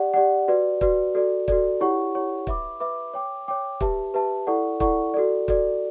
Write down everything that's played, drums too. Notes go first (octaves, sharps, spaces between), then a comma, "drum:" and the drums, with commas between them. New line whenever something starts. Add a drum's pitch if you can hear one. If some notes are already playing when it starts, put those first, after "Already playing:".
Already playing: G4 D5 F#5
G4 D5 F#5
F#4 B4 D5
F#4 B4 D5, drum: kick
F#4 A4 D5
F#4 A4 D5, drum: kick
E4 G4 C#5 F#5 C#6
E4 G4 C#5 F#5 C#6
B4 E5 B5 D6, drum: kick
B4 E5 B5 D6
C#5 G5 D6
C#5 G5 D6
G4 B4 E5 A5, drum: kick
G4 B4 E5 A5
E4 A4 D5 F#5 C#6
E4 A4 D5 F#5 C#6, drum: kick
F#4 A4 D5
F#4 A4 D5, drum: kick